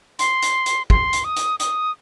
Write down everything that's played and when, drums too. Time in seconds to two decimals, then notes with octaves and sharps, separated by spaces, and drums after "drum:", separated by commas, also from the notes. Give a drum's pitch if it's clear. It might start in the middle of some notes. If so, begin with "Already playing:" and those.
0.19 C6, drum: hi-hat
0.42 drum: hi-hat
0.66 drum: hi-hat
0.90 C6, drum: kick
1.13 drum: hi-hat
1.24 D#6
1.36 drum: hi-hat
1.60 D#6, drum: hi-hat